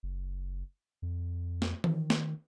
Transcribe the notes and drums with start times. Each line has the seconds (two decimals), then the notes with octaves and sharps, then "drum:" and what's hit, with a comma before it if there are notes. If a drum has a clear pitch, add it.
0.03 F#1
1.02 F2
1.62 drum: snare
1.84 D#3, drum: tom E3
2.10 drum: snare